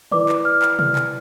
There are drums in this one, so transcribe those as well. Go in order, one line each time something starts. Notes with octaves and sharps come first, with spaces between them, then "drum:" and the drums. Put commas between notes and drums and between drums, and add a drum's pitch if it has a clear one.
E4 B4 D5 D6, drum: tom D3
drum: clap
F6
drum: clap
F6, drum: tom
drum: clap